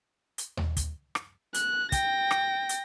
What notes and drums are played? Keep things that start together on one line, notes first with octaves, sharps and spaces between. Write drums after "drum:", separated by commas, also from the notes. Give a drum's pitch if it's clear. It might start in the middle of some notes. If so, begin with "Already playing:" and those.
drum: hi-hat
drum: tom D#2
drum: kick, hi-hat
drum: rim click
F#6, drum: hi-hat
G5 A#6, drum: kick, hi-hat
drum: rim click
drum: hi-hat